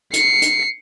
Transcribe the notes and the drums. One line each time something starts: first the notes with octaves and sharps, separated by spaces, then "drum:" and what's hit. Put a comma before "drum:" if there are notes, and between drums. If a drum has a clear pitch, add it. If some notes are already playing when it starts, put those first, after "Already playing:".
C7 C#7, drum: hi-hat
drum: hi-hat